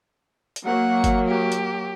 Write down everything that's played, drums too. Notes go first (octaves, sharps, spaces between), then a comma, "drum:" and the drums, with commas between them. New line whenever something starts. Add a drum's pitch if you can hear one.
drum: hi-hat
F#3 A#3 F#5
drum: kick G1, hi-hat
G4
drum: hi-hat